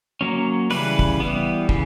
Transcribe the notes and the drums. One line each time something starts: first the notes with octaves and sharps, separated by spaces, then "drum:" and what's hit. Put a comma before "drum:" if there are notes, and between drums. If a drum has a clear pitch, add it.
F#3 A#3 C#4
C#3 E3 G3 B4, drum: open hi-hat
drum: kick
E3 G3 B3
C#3 E3, drum: kick